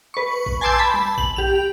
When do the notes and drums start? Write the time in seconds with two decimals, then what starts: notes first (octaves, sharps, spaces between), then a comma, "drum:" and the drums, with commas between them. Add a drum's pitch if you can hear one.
0.14 B4 C#6
0.46 drum: kick A#1
0.61 G#5 A5 C6 D6 E6 G6
0.79 A5 B5
0.94 drum: tom G3
1.18 F#7, drum: kick A#1
1.36 G4 F7